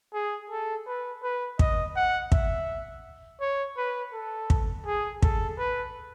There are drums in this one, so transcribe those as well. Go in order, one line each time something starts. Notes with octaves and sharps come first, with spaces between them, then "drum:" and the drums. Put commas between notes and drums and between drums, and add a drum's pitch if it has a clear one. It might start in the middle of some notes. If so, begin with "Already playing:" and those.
G#4
A4
B4
B4
D#5, drum: kick
F#5
E5, drum: kick
C#5
B4
A4
drum: kick
G#4
A4, drum: kick
B4